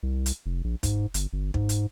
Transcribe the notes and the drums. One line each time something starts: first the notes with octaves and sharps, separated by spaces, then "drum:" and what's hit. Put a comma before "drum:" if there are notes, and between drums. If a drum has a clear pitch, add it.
C2
drum: hi-hat
F1
A#1
G#2, drum: kick, hi-hat
G1, drum: hi-hat
G1
G#2, drum: kick
drum: hi-hat